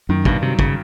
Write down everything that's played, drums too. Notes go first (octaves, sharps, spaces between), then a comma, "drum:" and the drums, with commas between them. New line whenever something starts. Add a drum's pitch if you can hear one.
F#2 D#3
G2 B2, drum: kick
C3 F#3
C#3, drum: kick